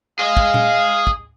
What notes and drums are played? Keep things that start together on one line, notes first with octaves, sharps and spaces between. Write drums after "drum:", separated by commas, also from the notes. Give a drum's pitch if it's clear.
G#4 D#5 F5
drum: kick
drum: tom A#2
drum: kick